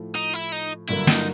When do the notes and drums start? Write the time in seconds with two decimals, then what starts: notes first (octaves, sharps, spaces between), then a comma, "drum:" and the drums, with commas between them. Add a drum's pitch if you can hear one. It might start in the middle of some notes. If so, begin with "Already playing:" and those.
Already playing: A2 F3 A3
0.15 D#4
0.34 E4
0.52 D#4
0.89 G2 D3 F#3 A#3 E4
1.07 D#4, drum: snare